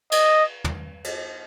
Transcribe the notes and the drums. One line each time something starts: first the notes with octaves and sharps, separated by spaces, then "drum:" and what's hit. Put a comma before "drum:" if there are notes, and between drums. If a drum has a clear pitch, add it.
D#5, drum: cymbal
drum: tom
drum: cymbal